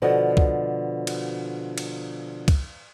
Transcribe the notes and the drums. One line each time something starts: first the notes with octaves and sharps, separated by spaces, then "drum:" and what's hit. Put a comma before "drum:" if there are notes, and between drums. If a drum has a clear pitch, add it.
B2 D3 F3 F#4 D#5
drum: kick C#2
drum: cymbal
drum: cymbal
drum: kick C#2, cymbal